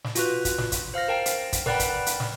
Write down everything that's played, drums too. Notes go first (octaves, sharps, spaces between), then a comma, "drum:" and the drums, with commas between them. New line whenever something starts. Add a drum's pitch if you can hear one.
drum: snare
F4 F#4 B4, drum: hi-hat
drum: kick, hi-hat
drum: snare
drum: kick, hi-hat
C5 F5 F6 A#6
A#4 G5 A5
drum: hi-hat
drum: kick, hi-hat
A#4 B4 D5 F#5 G5 B5, drum: snare
drum: kick, hi-hat
drum: hi-hat
drum: snare